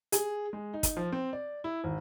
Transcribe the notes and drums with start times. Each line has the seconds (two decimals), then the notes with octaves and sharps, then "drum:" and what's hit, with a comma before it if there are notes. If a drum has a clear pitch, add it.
0.12 G#4, drum: hi-hat
0.53 G#3
0.74 D#4
0.83 drum: kick, hi-hat
0.97 F3
1.12 C4
1.33 D5
1.64 E4
1.84 G#1